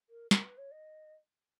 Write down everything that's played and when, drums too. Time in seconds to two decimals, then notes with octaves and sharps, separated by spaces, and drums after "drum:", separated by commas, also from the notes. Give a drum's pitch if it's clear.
0.10 A#4
0.31 A#4, drum: snare
0.44 B4
0.58 C#5
0.71 D#5